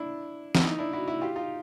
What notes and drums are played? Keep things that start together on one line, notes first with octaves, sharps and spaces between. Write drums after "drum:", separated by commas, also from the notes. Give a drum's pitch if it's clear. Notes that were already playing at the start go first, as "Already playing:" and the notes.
Already playing: D4 E4
E4, drum: snare
D#4
D4 E4
E4 F#4
E4 F#4
F4 G4
D#4 F4